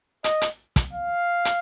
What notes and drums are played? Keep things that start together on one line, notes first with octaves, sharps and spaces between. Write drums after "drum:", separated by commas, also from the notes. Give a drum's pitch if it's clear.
D#5, drum: hi-hat
drum: hi-hat
drum: kick, hi-hat
F5
drum: hi-hat